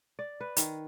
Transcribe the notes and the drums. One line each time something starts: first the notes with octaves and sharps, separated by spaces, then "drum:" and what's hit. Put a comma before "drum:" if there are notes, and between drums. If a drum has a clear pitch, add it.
D5
B4
D#3, drum: hi-hat